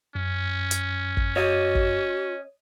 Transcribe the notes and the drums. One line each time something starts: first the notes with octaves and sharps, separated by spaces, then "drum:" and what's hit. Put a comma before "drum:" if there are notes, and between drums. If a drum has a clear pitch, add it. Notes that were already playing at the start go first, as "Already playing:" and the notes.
F#2 C#4
drum: hi-hat
drum: kick
F#4 C#5 D#5
drum: kick